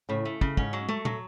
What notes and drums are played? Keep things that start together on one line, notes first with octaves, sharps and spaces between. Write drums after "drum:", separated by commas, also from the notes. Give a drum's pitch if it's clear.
A2 C#3
A3
C#3, drum: kick
G#2 C#4, drum: kick
F#3
A3, drum: tom
F#3, drum: tom